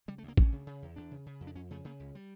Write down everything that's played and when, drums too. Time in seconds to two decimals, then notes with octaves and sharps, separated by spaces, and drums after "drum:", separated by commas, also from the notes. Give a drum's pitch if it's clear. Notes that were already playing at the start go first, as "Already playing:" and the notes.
0.08 C#3 G3
0.18 A3
0.23 D2
0.28 A#3
0.37 D2 C#4, drum: kick A1
0.52 C#3
0.67 C#3
0.82 E2
0.96 E2 D4
1.11 C#3
1.26 C#3
1.41 F2
1.47 D4
1.55 F2 C#4
1.71 C#3 A3
1.85 C#3 A#3
2.00 C#2
2.15 G3